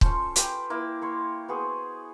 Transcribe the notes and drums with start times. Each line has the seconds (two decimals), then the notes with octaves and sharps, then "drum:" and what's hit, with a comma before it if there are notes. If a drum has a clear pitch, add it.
0.01 C#4 F4 A4 C5, drum: kick
0.36 G4 B4 B5 C6, drum: hi-hat
0.70 A#3 E4
1.01 A#3 C#5 C6
1.48 B3 F#4 G#4 C5